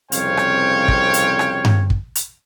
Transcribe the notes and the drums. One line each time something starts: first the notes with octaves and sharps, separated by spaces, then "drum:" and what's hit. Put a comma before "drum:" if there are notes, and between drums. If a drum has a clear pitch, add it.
C2 F2 C#3 C#5 F5 G5, drum: hi-hat
drum: rim click
drum: kick
drum: hi-hat
drum: rim click
drum: tom G2
drum: kick
drum: hi-hat